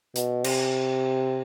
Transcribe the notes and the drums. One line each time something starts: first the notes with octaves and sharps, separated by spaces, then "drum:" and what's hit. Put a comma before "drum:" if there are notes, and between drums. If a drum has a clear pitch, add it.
B2, drum: hi-hat
C3, drum: cymbal